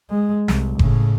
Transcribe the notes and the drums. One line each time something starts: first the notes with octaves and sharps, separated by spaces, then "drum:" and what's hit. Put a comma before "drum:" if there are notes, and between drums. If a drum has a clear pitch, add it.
G#3
C2, drum: snare
A2 C#3, drum: kick F#1